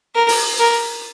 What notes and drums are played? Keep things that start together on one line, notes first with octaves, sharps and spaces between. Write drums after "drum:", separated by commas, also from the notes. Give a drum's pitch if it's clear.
A#4
drum: open hi-hat
A#4